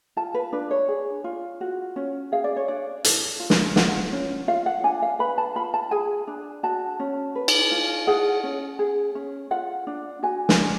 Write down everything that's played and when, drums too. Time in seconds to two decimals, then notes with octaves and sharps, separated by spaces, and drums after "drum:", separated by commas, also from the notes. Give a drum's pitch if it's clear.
0.17 F4 A5
0.34 B4
0.52 D4 B4
0.71 C#5
0.88 G#4
1.24 F4
1.61 F#4
1.96 C#4
2.32 G#4 F5
2.44 D5
2.56 C#5
2.68 D4 D5
3.04 A4, drum: hi-hat
3.40 F4
3.50 drum: snare
3.76 F4 F#5, drum: snare
4.12 C#4
4.48 F4 F5
4.66 F#5
4.84 D4 G#5
5.02 F5
5.19 B4 B5
5.38 A5
5.56 F4 B5
5.74 A5
5.91 G#4 G#5
6.27 D4
6.63 F#4 A5
7.00 C#4
7.35 B4
7.48 drum: cymbal
7.72 F4
8.07 G#4 F#5
8.44 C#4
8.79 G#4
9.15 C#4
9.51 F4 F#5
9.87 D4
10.23 F#4 G#5
10.49 drum: snare
10.59 D4